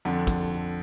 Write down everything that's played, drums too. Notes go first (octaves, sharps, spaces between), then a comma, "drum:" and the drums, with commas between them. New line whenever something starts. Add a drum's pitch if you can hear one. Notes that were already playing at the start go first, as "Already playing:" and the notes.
F2 D3
drum: kick, hi-hat